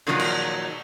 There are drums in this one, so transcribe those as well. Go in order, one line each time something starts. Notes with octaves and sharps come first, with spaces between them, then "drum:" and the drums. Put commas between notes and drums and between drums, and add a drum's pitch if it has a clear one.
A#2 D3 D#3 F3 F#3 G#3
drum: cymbal